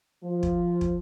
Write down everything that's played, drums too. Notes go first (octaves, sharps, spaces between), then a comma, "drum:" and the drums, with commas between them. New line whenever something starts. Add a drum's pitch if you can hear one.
F3
drum: kick
drum: kick